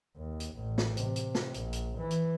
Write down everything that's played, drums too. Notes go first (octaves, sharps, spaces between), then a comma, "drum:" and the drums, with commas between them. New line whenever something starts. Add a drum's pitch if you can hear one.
D#2
drum: hi-hat
A1
drum: snare
C3, drum: hi-hat
drum: hi-hat
drum: snare
A#1, drum: hi-hat
drum: hi-hat
E3
drum: hi-hat